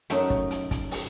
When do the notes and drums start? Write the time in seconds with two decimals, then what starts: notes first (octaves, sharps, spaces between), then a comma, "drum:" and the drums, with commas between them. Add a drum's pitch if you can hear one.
0.10 F#2 A3 D#4, drum: hi-hat
0.30 drum: kick
0.51 drum: hi-hat
0.71 drum: kick, hi-hat
0.91 drum: open hi-hat